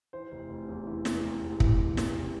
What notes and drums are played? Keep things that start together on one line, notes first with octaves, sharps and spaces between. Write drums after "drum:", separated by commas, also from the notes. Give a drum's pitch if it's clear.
E3 C5
F1
F1
E2
E3
F1, drum: snare
F1
E2
E3, drum: kick
F1
F1, drum: snare